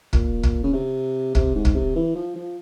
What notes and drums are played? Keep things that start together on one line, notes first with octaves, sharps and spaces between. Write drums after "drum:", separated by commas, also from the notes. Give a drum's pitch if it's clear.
A#2, drum: kick
drum: kick
C#3
C3
C3, drum: kick
G#2
drum: kick
C3
E3
F3
F3